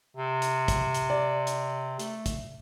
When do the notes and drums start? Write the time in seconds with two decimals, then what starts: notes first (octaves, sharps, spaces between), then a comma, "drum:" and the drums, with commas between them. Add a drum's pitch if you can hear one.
0.17 C3
0.42 drum: hi-hat
0.68 drum: kick, hi-hat
0.94 drum: hi-hat
1.10 D5
1.47 drum: hi-hat
1.99 A3, drum: hi-hat
2.26 drum: kick, hi-hat